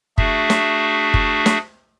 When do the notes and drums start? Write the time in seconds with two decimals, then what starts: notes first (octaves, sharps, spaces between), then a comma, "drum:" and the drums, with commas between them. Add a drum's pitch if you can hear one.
0.18 A3 D4 F#4 G#4 E5, drum: kick
0.50 drum: snare
1.14 drum: kick
1.46 drum: snare